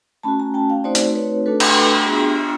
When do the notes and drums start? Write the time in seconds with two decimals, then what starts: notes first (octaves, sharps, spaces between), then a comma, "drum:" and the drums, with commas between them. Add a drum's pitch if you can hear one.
0.23 A3 C#4 F#4 A5 B5
0.39 G#5 A#5
0.54 G5 A5
0.70 F5 G5
0.84 A3 C4 D#4 F#4 C5 D5
0.95 drum: hi-hat
1.15 B4 C#5
1.46 A3 D4 F#4 A4 B4
1.60 drum: cymbal
2.06 B3 D4 F4 F#4 G#4
2.27 G4